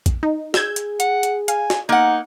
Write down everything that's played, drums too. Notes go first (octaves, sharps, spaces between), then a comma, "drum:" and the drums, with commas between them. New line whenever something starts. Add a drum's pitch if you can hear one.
drum: kick A#1, hi-hat
D#4
G#4 E6 G6 G#6, drum: snare
drum: hi-hat
F#5, drum: hi-hat
drum: hi-hat
F5 G#5, drum: hi-hat
drum: snare
A#3 D#4 F#5